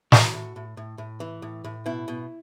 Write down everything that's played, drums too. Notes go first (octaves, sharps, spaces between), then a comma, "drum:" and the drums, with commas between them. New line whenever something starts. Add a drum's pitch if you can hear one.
A2 F#4, drum: snare
A2
A2
A2
A2
E3
A2
A2
B2 E4
B2